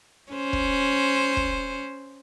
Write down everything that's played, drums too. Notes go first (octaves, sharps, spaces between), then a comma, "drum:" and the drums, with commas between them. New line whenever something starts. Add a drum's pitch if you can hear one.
C#4 C5
drum: kick
drum: kick